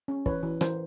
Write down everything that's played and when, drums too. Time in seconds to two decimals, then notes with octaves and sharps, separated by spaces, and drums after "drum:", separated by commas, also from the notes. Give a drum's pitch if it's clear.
0.08 C#4
0.26 E3 B4 C#5, drum: kick
0.43 E3
0.61 E3 A#4 C5, drum: rim click